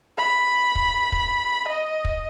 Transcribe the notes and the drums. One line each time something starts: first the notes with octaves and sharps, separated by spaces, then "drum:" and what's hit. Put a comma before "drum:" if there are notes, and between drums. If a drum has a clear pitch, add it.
B5
drum: kick
drum: kick
D#5
drum: kick